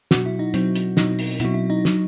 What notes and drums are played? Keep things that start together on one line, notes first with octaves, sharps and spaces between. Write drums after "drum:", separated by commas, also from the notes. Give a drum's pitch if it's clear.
B2 F#3 F#4, drum: snare
E4
D#4
B2 F#3 C4, drum: hi-hat
drum: hi-hat
B2 F#3 D#4, drum: snare
drum: open hi-hat
B2 F#3 E4, drum: hi-hat
E4
D#4
F#3, drum: snare